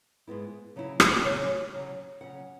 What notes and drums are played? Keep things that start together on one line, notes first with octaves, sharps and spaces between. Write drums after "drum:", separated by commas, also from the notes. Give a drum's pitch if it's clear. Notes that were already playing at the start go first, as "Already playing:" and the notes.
G#2 G#3 B3 E4
C#3 F#3 E4
drum: rim click
C#3 F#3 E4 C#5
C#3 F#3 C#4
C#3 F#3 C#4 F#5